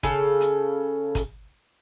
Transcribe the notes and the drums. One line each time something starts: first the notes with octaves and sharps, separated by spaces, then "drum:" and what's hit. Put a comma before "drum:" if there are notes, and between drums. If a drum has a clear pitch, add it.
C#3 A4, drum: kick, hi-hat
drum: hi-hat
drum: kick, hi-hat